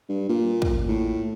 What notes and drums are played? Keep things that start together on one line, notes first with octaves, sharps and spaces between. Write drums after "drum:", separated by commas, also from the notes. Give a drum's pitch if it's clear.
G2
A#2
drum: kick
A2